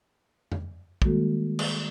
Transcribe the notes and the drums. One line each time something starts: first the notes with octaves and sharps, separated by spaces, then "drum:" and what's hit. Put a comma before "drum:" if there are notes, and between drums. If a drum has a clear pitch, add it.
drum: tom F2
D#3 G3 G#3 A#3 F#4 A4, drum: kick
drum: cymbal